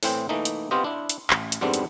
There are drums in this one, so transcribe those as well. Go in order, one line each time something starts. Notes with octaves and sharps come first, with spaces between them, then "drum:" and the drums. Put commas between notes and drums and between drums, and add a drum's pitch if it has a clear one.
A2 E3 C4 G5, drum: open hi-hat
E3 A3 A#3 D#4
drum: hi-hat
B3 C4 F4 G4 C5 D#5
D4 E4
drum: hi-hat
A1, drum: clap
drum: hi-hat
F2 G#2 G3 B3 C4 D4
drum: hi-hat